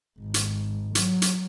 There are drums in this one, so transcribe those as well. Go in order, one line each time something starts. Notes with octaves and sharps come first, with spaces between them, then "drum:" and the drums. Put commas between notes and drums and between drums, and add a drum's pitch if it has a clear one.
G#1
drum: hi-hat
F#3, drum: hi-hat
drum: hi-hat